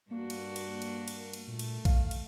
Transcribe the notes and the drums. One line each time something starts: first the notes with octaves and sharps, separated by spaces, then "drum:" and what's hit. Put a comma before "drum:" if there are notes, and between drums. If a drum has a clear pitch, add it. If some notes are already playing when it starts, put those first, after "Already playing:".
G2 A#3 D4 F#4
drum: cymbal
drum: cymbal
drum: cymbal
drum: cymbal
drum: cymbal
A#2 A3
drum: cymbal
F5, drum: kick, cymbal
drum: cymbal